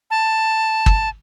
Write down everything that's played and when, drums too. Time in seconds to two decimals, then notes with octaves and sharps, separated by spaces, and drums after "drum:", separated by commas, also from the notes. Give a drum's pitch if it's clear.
0.11 A5
0.86 drum: kick